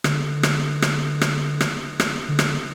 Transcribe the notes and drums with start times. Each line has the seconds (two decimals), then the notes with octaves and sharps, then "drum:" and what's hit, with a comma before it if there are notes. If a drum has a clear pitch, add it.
0.04 D3, drum: rim click
0.43 drum: rim click
0.82 drum: rim click
1.21 drum: rim click
1.61 drum: rim click
2.00 drum: rim click
2.28 D3
2.39 drum: rim click